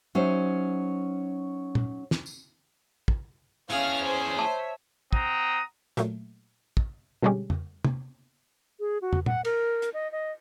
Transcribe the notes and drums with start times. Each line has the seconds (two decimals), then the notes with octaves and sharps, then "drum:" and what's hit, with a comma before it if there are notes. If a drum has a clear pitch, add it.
0.15 F#3 C#4 D#4 C5 E5
1.75 drum: tom
2.11 drum: snare
2.26 drum: tambourine
3.08 drum: kick
3.70 E3 C#4 G#4 F5 A5 F6, drum: hi-hat
4.03 C5
4.39 C#5 E5 A5
5.13 C4 F#5 A#5 D#6, drum: kick
5.97 A#2 F#3 A3, drum: hi-hat
6.77 drum: kick
7.22 B2 D3 G3 G#3 C#4 G4
7.50 drum: tom
7.85 drum: tom
8.80 G#4
9.02 F#4
9.13 drum: tom
9.26 F#5, drum: tom
9.45 A#4, drum: cymbal
9.82 drum: hi-hat
9.94 D#5
10.12 D#5